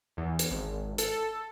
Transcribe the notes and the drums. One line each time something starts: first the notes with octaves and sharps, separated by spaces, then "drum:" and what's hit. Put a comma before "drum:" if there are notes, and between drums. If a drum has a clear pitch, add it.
E2
drum: hi-hat
G#1
A4, drum: hi-hat